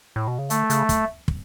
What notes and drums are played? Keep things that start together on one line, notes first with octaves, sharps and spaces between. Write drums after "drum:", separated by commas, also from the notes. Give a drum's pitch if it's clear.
A2
B2
C#3
D3 A3, drum: hi-hat
C#3, drum: hi-hat
drum: kick, hi-hat
drum: kick